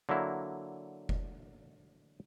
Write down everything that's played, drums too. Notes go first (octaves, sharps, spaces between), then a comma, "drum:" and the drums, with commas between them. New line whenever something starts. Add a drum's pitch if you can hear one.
D3 F#3 A#3 E4
drum: kick F1